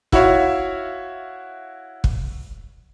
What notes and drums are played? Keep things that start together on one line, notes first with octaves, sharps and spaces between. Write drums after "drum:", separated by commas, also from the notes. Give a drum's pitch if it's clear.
E4 F#4 C#5 E5 F5, drum: kick
drum: kick